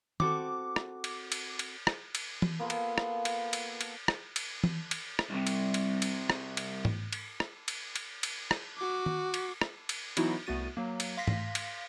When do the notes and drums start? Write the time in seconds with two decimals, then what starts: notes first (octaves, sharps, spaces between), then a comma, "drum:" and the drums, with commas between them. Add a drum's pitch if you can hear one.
0.20 C4 F#4 A4 D6, drum: tom D#3
0.76 drum: rim click
1.04 drum: cymbal
1.32 drum: cymbal
1.59 drum: cymbal
1.87 drum: rim click
2.15 drum: cymbal
2.42 drum: tom E3
2.59 A#3 B3 F4 A4
2.70 drum: cymbal
2.98 drum: rim click
3.25 drum: cymbal
3.53 drum: cymbal
3.81 drum: cymbal
4.08 drum: rim click
4.36 drum: cymbal
4.64 drum: tom E3
4.91 drum: cymbal
5.19 drum: rim click
5.30 C2 C3
5.47 drum: cymbal
5.74 drum: cymbal
6.02 drum: cymbal
6.30 drum: rim click
6.57 drum: cymbal
6.85 drum: tom G#2
7.13 drum: cymbal
7.40 drum: rim click
7.68 drum: cymbal
7.96 drum: cymbal
8.23 drum: cymbal
8.51 drum: rim click
8.78 F#4 D6
9.06 drum: tom D#3
9.34 drum: cymbal
9.61 drum: rim click
9.89 drum: cymbal
10.17 E3 F#3 B3 D#4 E4 F#4, drum: cymbal
10.47 C2 A3 B3 F#4 A6 D#7
10.77 F#3 A#3
11.00 drum: cymbal
11.17 F5 C6 A#6 B6
11.27 drum: tom G#2
11.55 drum: cymbal